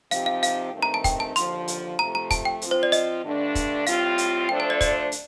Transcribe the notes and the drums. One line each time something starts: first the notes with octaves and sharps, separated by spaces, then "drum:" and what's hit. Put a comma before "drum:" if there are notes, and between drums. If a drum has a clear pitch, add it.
C3 F3 C4 D#4 G4 F5, drum: hi-hat
F5
F5, drum: hi-hat
G2 D#3 A3 C4 D#4
A#5
A5
G5, drum: kick, hi-hat
A5
D#2 D3 F3 C6, drum: hi-hat
drum: hi-hat
C3 F3 A3 A#5
A#5
A5, drum: kick, hi-hat
G5
F3 C4 F4, drum: hi-hat
C5
D5
D#5, drum: hi-hat
G2 D3 A3 D4
drum: kick, hi-hat
A2 G3 C4 F4 F5, drum: hi-hat
drum: hi-hat
F3 A3 D4 A4 C5 G5
A5
D5
D5, drum: kick, hi-hat
drum: hi-hat